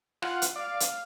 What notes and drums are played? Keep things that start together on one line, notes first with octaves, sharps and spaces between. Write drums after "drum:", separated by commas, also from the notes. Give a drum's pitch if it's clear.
F4 F#5, drum: rim click
drum: hi-hat
D5 F5
drum: hi-hat